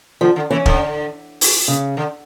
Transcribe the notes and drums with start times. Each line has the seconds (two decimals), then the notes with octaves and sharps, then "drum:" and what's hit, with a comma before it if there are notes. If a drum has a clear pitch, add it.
0.21 D3 F3
0.36 D3
0.50 E3 C#4
0.66 D3, drum: kick
1.41 drum: open hi-hat
1.68 C#3
1.97 D3